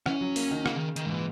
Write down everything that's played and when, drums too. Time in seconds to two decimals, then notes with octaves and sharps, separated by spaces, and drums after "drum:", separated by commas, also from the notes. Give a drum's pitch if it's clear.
0.06 E3 C#4, drum: rim click
0.21 F#3
0.36 A#3, drum: open hi-hat
0.51 D#3
0.66 C#3 A#3, drum: rim click
0.77 D#3
0.96 D#3, drum: hi-hat
1.06 G#2
1.10 A#2 E3